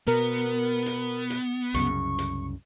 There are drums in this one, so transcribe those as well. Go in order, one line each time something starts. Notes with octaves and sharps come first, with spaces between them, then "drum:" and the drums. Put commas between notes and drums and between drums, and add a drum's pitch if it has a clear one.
B2 B3 A#4
drum: hi-hat
drum: hi-hat
C2 F#2 C#3 C#6, drum: hi-hat
drum: hi-hat